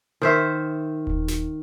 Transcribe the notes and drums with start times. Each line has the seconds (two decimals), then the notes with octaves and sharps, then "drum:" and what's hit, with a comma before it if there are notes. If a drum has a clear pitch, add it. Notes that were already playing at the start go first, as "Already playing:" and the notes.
0.22 D#3 C5 E5
1.07 drum: kick D#1
1.28 drum: snare